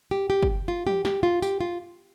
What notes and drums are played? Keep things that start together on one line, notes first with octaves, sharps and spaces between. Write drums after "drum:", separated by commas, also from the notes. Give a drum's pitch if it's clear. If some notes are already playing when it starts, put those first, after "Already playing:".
G4
G4
drum: kick
F4
G4, drum: tom
G4, drum: snare
F4
G4, drum: tambourine
F4